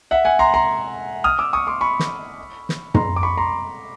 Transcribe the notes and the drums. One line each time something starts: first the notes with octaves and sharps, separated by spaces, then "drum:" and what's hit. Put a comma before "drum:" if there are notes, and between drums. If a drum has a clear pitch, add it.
E5 F#5
F#5 G#5
A#5 C6
A#5 C6
D#6 F6
D6 E6
C#6 D#6
C6 D6
B5 C#6
drum: snare
drum: snare
A#5 C6, drum: tom
D6
B5 C#6
A#5 C6